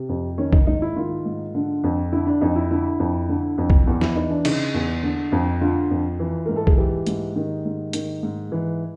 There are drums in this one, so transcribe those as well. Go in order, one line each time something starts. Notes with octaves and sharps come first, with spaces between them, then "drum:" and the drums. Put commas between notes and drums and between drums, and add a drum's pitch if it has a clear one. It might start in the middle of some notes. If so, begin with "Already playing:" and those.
Already playing: C3
F2
D#3 C#4
D#4, drum: kick B1
G#2 D#4
E4
D#3 F4
G#2
D3
F2
D3 E4
D4
F2 D#4
E4
D3 E4
F2
D3
F2
drum: kick B1
E2
E4, drum: snare
E3 D#4
D4
C#3 D#4, drum: cymbal
E2
D3
F2
D3 F4
F2
E3
G#2 A#4
A4
G#4, drum: kick B1
E3 G4
G#2, drum: hi-hat
D#3
G#2
D#3, drum: hi-hat
G#2
E3